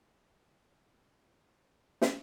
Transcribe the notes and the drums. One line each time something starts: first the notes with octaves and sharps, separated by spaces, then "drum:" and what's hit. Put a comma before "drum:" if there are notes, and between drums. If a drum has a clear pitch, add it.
D#3 B3 A4 A#4 C5
C#5 A#5 B5
C5
drum: snare